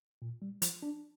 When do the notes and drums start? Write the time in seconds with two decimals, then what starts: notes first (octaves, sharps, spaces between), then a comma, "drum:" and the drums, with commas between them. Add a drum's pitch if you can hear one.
0.22 A#2
0.42 G3
0.62 F3, drum: hi-hat
0.82 D4